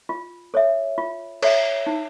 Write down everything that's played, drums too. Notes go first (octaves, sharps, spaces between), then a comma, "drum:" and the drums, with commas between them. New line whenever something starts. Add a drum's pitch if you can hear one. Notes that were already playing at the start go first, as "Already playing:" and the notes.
F4
A4 C#5 E5
F4
A4 C#5 E5, drum: cymbal
D#4